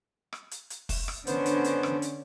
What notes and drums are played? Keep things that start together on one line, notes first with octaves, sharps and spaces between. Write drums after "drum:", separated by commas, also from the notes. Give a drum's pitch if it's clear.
drum: rim click
drum: hi-hat
drum: hi-hat
drum: kick, open hi-hat
drum: rim click
D3 B3 C#4 D4 C5, drum: hi-hat
drum: hi-hat
drum: hi-hat
drum: rim click
drum: hi-hat